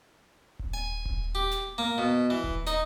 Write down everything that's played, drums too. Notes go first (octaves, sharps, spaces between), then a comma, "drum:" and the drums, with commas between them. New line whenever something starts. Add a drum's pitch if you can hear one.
drum: kick D#1
G#5
drum: kick D#1
G4
drum: snare
A#3
B2
E3
drum: kick D#1
D#4, drum: snare